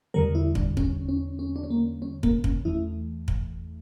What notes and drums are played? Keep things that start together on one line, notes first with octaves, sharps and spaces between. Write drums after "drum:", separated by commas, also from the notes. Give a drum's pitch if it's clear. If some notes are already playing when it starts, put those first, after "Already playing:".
E2 D3 G3 A#4
E4
D4, drum: kick
C#4, drum: kick
C#4
C#4
D4
C#4
A#3
C#4
A#3, drum: kick
C#4, drum: kick
E2 E3 A3 E4
drum: kick